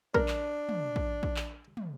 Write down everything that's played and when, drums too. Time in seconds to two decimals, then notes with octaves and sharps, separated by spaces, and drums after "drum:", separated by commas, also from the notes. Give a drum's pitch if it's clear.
0.15 D4 A#4, drum: kick A#1
0.28 drum: clap
0.69 drum: tom
0.96 drum: kick A#1
1.23 drum: kick A#1
1.36 drum: clap
1.77 drum: tom